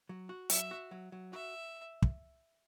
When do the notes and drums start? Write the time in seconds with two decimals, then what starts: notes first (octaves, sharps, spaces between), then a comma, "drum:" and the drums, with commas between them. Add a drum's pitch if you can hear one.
0.09 F#3
0.29 F#4
0.50 F#3 E5, drum: hi-hat
0.71 F#4
0.91 F#3
1.12 F#3
1.33 F#4 E5
2.02 drum: kick